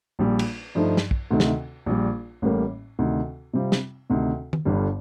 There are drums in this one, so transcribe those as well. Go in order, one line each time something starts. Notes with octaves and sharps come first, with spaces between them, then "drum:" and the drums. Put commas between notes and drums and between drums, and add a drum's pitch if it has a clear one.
A#1 A#2 G3
drum: cymbal
G2 F3 A3 D#4
drum: snare
drum: kick
D2 C3 D#3 A3
drum: snare
A#1 A#2 G3
A1 A2 G3 A#3
D2 C3 D#3
C3 G3 C4 F4
drum: snare
D2 C3 D#3
drum: tom D#3
G1 G2 D3 G3